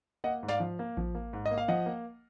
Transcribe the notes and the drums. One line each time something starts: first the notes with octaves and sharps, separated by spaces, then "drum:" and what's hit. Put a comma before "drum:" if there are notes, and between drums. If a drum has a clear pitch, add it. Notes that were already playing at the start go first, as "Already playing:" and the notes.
A#3 D#5 F#5
G#2
D5 F5, drum: snare
F3
A#3
F3, drum: kick A1
A#3
G#2
D#5
A#3
F5
F3 D#5 F#5
A#3